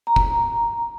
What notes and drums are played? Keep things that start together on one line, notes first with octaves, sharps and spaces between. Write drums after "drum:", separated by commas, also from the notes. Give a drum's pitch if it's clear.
A#5
drum: kick F1